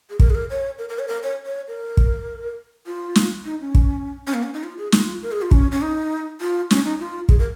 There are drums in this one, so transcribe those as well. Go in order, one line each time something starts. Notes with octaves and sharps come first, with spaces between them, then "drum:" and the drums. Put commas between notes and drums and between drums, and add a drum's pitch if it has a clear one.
G#4
A#4, drum: kick
G#4
A#4
C#5
A#4
A#4
C#5
A#4
C#5
C#5
A#4
drum: kick
F4
drum: snare
D#4
C#4
drum: kick
C#4
A#3
C#4
D#4
F4
G#4
F4, drum: snare
A#4
G#4
F4
C#4, drum: kick
C#4
D#4
F4
C#4, drum: snare
D#4
F4
G#4, drum: kick
A#4